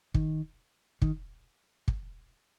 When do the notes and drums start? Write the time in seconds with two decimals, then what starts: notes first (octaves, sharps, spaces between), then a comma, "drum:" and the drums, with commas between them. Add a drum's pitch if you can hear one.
0.14 D#3, drum: kick
1.02 D#3, drum: kick
1.88 drum: kick